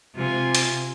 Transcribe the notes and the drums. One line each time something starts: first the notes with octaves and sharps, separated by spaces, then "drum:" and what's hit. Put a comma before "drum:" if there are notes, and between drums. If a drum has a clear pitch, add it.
C3 F4 G#5
drum: hi-hat